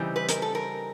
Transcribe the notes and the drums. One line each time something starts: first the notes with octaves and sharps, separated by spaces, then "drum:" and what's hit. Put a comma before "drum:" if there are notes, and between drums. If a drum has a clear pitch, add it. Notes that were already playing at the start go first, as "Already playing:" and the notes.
Already playing: C#3 E3 G3 C4 D#4
B4
A#4, drum: hi-hat
A4
A#4